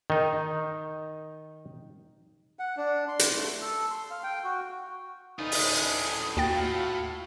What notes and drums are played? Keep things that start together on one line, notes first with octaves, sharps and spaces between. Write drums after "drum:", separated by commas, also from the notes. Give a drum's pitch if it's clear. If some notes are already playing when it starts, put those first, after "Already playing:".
D#3 D#4
F#5
D4
C6
drum: hi-hat
A3
A4
C6
F5
G5
F#4
D2 D#4 F4 B4 D#6
drum: open hi-hat
A2 C#4
D#2 F#4 G5 A6
A2 F4 F5